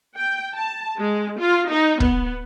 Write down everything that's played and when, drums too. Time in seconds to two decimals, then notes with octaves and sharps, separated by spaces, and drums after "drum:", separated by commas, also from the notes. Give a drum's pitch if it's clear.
0.17 G5
0.54 A5
0.98 G#3
1.39 F4
1.70 D#4
2.00 B3, drum: kick